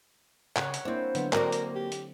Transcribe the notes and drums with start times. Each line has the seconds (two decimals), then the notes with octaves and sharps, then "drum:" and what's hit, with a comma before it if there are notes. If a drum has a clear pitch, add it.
0.56 C#3 C#5 F#5, drum: clap
0.74 drum: hi-hat
0.85 A#3 C4 D4 E4 C5
1.15 D3 F#3 B3 C5, drum: hi-hat
1.33 A#3 C4 F#4 A#4 D5, drum: clap
1.52 drum: hi-hat
1.75 G4
1.92 drum: hi-hat